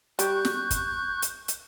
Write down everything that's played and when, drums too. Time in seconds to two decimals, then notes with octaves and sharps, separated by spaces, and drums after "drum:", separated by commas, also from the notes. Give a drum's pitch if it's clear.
0.19 G3 C#6 F#6 G6, drum: hi-hat
0.45 drum: snare
0.71 drum: kick, hi-hat
1.22 drum: hi-hat
1.48 drum: hi-hat